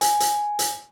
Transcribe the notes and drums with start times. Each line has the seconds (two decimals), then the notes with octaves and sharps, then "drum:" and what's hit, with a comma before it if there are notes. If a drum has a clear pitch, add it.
0.01 G#5, drum: hi-hat
0.20 drum: hi-hat
0.59 drum: hi-hat